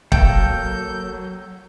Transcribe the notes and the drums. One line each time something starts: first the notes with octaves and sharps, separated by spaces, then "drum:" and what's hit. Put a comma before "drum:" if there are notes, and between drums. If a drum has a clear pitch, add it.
F#3 A#3 A4 G5 G6, drum: kick